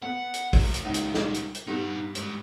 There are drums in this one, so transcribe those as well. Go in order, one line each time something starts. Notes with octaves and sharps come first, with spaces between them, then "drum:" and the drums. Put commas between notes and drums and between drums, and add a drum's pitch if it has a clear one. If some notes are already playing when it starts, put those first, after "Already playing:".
B3 F#5
drum: hi-hat
G#3 D4, drum: kick, open hi-hat
drum: hi-hat
C#2 G3 D#4
drum: hi-hat
drum: snare
drum: hi-hat
drum: hi-hat
G2 G3 B3 D#4 F#5
G#2 D5, drum: hi-hat